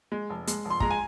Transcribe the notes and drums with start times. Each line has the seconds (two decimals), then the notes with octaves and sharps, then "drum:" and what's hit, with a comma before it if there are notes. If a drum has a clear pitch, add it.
0.12 G#3
0.30 F1
0.47 G#3, drum: hi-hat
0.65 F1
0.70 C6
0.80 G#3 A#5, drum: kick
0.90 G#5